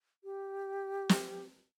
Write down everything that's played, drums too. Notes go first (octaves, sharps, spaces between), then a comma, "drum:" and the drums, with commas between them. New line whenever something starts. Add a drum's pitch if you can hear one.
G4
drum: snare